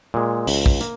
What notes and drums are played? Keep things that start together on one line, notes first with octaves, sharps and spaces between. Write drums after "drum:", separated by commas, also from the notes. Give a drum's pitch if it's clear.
A#2 G#3
C#2, drum: open hi-hat
drum: kick
A#3, drum: hi-hat